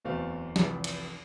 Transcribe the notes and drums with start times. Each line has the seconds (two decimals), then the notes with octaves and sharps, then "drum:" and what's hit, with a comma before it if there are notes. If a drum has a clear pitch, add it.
0.05 D1 E2 A3 C4 F5
0.56 F1 C2 F2 E3, drum: snare
0.84 drum: cymbal